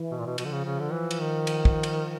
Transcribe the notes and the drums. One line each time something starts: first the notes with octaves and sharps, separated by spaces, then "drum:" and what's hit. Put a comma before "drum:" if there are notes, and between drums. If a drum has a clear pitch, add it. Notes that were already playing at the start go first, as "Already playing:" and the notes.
Already playing: E3
B2
A#2
B2
B2 F3, drum: cymbal
D3
C#3
C#3
D3
E3
drum: cymbal
D#3
drum: cymbal
drum: kick
drum: cymbal